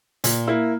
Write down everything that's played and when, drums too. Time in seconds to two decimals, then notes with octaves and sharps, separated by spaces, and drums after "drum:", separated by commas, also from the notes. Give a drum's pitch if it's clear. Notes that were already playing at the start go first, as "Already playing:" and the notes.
0.24 A#2, drum: hi-hat
0.48 A#3 E4